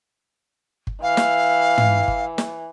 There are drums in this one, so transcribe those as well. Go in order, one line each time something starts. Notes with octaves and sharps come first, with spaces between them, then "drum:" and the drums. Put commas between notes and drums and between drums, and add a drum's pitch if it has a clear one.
drum: kick G1
E3 F5
drum: snare
drum: tom
drum: kick G1
drum: snare